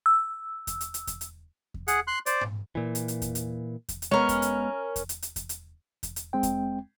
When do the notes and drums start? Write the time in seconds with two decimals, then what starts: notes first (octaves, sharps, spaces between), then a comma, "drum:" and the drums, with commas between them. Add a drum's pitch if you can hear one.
0.06 E6
0.67 drum: kick E2, hi-hat
0.81 drum: hi-hat
0.94 drum: hi-hat
1.07 drum: kick E2, hi-hat
1.21 drum: hi-hat
1.74 drum: kick E2
1.88 G#4 F#5, drum: hi-hat
2.07 C6 F#6
2.26 C5 D5, drum: hi-hat
2.41 drum: tom G#2
2.75 A#2 E3
2.95 drum: hi-hat
3.08 drum: hi-hat
3.22 drum: kick E2, hi-hat
3.35 drum: hi-hat
3.89 drum: kick E2, hi-hat
4.02 drum: hi-hat
4.11 G#3 B3 C#4 A#4
4.29 drum: kick E2, hi-hat
4.42 drum: hi-hat
4.96 drum: kick E2, hi-hat
5.09 drum: hi-hat
5.22 drum: hi-hat
5.36 drum: kick E2, hi-hat
5.49 drum: hi-hat
6.03 drum: kick E2, hi-hat
6.16 drum: hi-hat
6.33 G#3 C4 G5
6.43 drum: kick E2, hi-hat